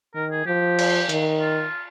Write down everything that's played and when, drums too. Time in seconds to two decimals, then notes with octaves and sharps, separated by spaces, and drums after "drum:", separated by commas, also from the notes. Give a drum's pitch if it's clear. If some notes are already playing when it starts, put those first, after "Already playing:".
0.15 D#3 A#4
0.31 G#4
0.46 F3 G4
0.79 drum: cymbal
1.09 D#3, drum: hi-hat
1.40 F4